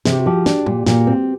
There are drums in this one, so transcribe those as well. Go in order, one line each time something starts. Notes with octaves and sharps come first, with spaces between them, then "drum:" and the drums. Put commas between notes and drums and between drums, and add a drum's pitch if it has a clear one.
C3 G#4, drum: snare
G4
F#4
F3 G4
D4, drum: snare
A#2, drum: tom
A#2, drum: snare
C4